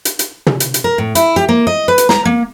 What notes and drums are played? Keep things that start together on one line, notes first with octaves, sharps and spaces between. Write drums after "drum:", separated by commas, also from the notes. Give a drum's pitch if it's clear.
drum: hi-hat
drum: hi-hat
drum: tom
drum: hi-hat
drum: hi-hat
A#4
A2
E4, drum: hi-hat
G4
A#3
D#5
B4
drum: hi-hat
A#5, drum: snare
A#3